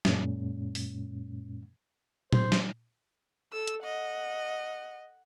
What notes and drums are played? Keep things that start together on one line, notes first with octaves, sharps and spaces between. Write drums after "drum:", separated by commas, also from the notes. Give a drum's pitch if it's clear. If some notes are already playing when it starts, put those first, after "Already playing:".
F#2 A#2 G#3 C#4, drum: snare
drum: open hi-hat
C5, drum: tom
drum: snare
A4 E6
drum: hi-hat
D#5 F#5